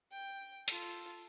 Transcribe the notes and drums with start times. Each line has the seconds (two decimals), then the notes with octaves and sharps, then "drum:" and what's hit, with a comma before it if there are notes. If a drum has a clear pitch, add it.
0.12 G5
0.68 F4 A4, drum: hi-hat